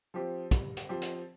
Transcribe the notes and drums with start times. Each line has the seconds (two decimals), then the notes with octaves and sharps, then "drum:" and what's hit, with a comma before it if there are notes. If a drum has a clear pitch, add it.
0.14 F3 C4 G4 C5
0.51 G2, drum: kick, hi-hat
0.77 drum: hi-hat
0.89 F3 C4 G4 C5
1.02 drum: hi-hat